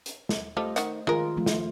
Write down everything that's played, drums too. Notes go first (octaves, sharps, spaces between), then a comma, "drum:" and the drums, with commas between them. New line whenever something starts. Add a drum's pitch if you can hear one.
drum: hi-hat
drum: snare
G3 A3 F4 A4 C5 D#5
D#3 F#5, drum: hi-hat
D#3 G#3 F4 A#4
F3 A3 F4
drum: snare